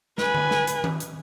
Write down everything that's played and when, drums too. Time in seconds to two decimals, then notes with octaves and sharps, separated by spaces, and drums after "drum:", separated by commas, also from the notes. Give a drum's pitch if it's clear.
0.18 B4 G#5, drum: snare
0.34 drum: tom D3
0.51 drum: snare
0.67 drum: hi-hat
0.84 drum: tom D#3
1.00 drum: hi-hat